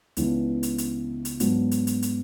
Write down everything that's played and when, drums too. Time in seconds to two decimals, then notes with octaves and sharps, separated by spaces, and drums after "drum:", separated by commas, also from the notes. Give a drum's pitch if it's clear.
0.17 C#2 C#3 E3 B3 D4, drum: hi-hat
0.63 drum: hi-hat
0.78 drum: hi-hat
1.25 drum: hi-hat
1.40 G#2 F#3 B3 D4, drum: hi-hat
1.71 drum: hi-hat
1.87 drum: hi-hat
2.02 drum: hi-hat